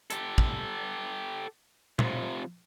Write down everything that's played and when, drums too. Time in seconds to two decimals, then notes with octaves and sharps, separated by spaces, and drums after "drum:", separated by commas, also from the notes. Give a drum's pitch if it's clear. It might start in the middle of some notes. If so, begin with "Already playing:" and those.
0.10 G4 A4, drum: hi-hat
0.38 drum: kick
1.99 C3 F3, drum: tom A#2